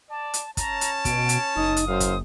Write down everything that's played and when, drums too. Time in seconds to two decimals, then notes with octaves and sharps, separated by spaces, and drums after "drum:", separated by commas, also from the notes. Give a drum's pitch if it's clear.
0.10 D5 A5
0.34 drum: hi-hat
0.57 C#4 C#5 A5 A#5, drum: kick, hi-hat
0.81 drum: hi-hat
1.05 B2 D7, drum: kick, hi-hat
1.29 drum: hi-hat
1.56 F#1 D#4 D#6
1.77 drum: hi-hat
1.88 F#2 C5 F5
2.00 drum: kick, hi-hat